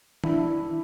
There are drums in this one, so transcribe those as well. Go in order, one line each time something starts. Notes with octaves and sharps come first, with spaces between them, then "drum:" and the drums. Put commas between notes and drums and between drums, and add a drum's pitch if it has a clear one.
D4 E4, drum: tom